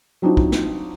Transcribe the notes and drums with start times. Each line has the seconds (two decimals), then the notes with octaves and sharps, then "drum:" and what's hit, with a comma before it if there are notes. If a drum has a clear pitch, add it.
0.22 F#3 C4 D4 D#4 F4 F#4
0.37 drum: kick
0.52 drum: snare